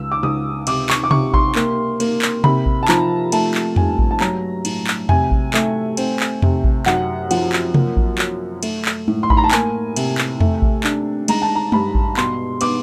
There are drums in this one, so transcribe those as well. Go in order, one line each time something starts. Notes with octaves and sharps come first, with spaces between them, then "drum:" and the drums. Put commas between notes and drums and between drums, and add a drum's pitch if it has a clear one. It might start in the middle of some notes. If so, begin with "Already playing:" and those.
Already playing: C#2 E6
D6
C#2 D#6
C3 D6, drum: cymbal
C#6, drum: clap
D6
C3 C#6, drum: tom C3
C6, drum: kick A1
A#3, drum: clap
A#3, drum: cymbal
drum: clap
C3 B5, drum: tom C3
drum: kick A1
A5
F3 A#5, drum: clap
A3 A5, drum: cymbal
drum: clap
G2 G#5, drum: tom E2
drum: kick A1
A5
F#3 A#5, drum: clap
A2, drum: cymbal
drum: clap
C3 G#5, drum: tom E2
drum: kick A1
A3, drum: clap
C4, drum: cymbal
drum: clap
C3, drum: tom E2
drum: kick A1
F#2 F#5, drum: clap
F3 F#5, drum: cymbal
drum: clap
A#3, drum: tom C3
drum: kick A1
F#3, drum: clap
A3, drum: cymbal
drum: clap
A2, drum: tom G#3
C6
B5, drum: kick A1
A#5
A5
A#3 G#5, drum: clap
C3, drum: cymbal
drum: clap
A3, drum: tom E2
drum: kick A1
D4, drum: clap
G#3 A#5, drum: cymbal
A5
A#5
G2 B5, drum: tom G#3
drum: kick A1
B2 C6, drum: clap
B3 D6, drum: cymbal